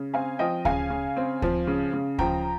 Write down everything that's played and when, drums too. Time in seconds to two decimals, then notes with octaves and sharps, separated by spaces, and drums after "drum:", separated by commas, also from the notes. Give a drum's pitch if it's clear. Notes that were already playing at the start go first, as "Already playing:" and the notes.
Already playing: C#3
0.13 C4 F5 G#5
0.39 F3 D#5 G5
0.65 C#3 F5 G#5, drum: kick D2
0.90 C#3
1.17 C4
1.42 F3, drum: kick D2
1.67 C#3
1.93 C#3
2.18 F3 G5 A#5, drum: kick D2